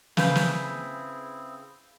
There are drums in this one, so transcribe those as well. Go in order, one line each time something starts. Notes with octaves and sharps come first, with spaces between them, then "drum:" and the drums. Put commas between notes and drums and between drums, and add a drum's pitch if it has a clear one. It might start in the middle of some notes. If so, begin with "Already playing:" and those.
C#3 C4 E4 G#4 B4 F5 G6, drum: snare
drum: snare